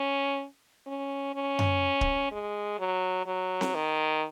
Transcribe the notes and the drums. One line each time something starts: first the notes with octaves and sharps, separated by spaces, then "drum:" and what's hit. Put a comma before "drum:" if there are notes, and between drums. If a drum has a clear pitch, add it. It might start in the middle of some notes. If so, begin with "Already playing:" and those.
Already playing: C#4
C#4
C#4
drum: tom F#2
drum: kick
G#3
F#3
F#3
drum: snare C4
D#3